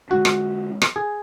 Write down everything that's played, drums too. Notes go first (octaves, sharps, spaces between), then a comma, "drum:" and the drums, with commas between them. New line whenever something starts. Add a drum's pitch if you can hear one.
D3 G#3 D4 F#4
drum: rim click
drum: rim click
G#4